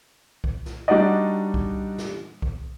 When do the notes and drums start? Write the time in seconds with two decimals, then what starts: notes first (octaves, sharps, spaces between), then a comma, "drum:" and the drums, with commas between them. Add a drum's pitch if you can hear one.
0.44 drum: kick B1
0.66 drum: snare
0.88 G3 D4 D#4 F#4 D5 D#5
1.54 drum: kick B1
1.98 drum: snare
2.42 drum: kick B1